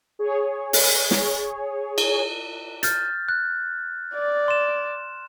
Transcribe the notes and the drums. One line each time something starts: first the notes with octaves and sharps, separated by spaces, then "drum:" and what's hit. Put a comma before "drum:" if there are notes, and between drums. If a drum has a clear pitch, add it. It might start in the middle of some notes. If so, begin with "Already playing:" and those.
G#4 C#5
drum: open hi-hat
drum: snare
drum: cymbal
F6 G6 A6, drum: hi-hat
F#6
D5
C6 E7